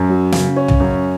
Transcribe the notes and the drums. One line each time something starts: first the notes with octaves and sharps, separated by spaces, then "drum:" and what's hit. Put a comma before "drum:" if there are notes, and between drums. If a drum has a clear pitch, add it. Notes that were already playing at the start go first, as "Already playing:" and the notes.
Already playing: F#2
F#3
C#3, drum: snare
C#4
drum: tom
F#2